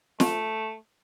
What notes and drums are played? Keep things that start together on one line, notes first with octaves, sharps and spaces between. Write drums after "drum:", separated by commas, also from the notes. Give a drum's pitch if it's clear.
A3, drum: snare